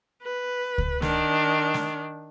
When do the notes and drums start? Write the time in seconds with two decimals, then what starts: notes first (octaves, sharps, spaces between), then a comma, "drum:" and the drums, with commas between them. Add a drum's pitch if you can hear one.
0.23 B4
0.78 drum: kick C#2
1.02 D#3 D4, drum: snare
1.74 drum: snare